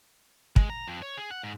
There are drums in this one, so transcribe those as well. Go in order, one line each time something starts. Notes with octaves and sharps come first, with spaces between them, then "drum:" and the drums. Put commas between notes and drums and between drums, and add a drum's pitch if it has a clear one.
G#3, drum: kick
A#5
F2
C#5
G#4
F#5
G#2